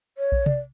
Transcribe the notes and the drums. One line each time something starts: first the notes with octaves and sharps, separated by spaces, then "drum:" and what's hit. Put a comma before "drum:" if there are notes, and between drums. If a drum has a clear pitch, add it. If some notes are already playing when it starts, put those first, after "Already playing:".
C#5
drum: kick A#1
D5, drum: tom C3